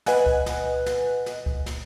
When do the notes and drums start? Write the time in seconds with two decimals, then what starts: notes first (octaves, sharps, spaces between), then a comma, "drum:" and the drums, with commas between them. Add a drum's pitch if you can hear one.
0.06 B4 D#5 F#5 G#5 F#6, drum: snare
0.26 drum: kick C#2
0.46 drum: snare
0.86 drum: snare
1.26 drum: snare
1.46 drum: kick C#2
1.66 drum: snare